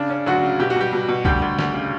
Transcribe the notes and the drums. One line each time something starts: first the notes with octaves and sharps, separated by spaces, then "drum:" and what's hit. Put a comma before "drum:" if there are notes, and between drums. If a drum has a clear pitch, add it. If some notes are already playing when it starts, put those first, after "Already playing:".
Already playing: C#3 D4
C#4
D2 F#3 F#4
C#3
B2 G4
F#4
B2 G3 G4
B2
B2
D2 G3 G4, drum: kick B1
D2
D2, drum: snare
C#3